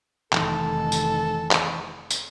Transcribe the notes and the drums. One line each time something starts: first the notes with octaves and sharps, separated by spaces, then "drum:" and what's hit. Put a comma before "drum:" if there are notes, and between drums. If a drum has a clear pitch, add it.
F1 D#3 E3 D#4 A4, drum: clap
drum: tambourine
drum: clap
drum: tambourine